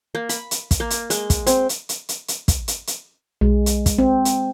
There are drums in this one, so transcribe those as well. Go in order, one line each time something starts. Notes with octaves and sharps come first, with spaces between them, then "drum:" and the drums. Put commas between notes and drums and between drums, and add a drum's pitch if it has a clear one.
A#3
B5, drum: hi-hat
drum: hi-hat
drum: kick, hi-hat
A#3
drum: hi-hat
G#3, drum: hi-hat
drum: kick, hi-hat
C4, drum: hi-hat
drum: hi-hat
drum: hi-hat
drum: hi-hat
drum: hi-hat
drum: kick, hi-hat
drum: hi-hat
drum: hi-hat
B1 G#3
drum: hi-hat
drum: kick, hi-hat
C4
drum: hi-hat